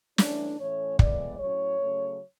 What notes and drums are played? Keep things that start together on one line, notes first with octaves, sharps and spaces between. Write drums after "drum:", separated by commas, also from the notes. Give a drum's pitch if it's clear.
E3 A3 C#4 D4, drum: snare
A2 E3 A3 C#4 C#5
A2 E3 G#3 B3 D5, drum: kick
A2 F#3 C#4 C#5
C#3 F#3 A3 C#4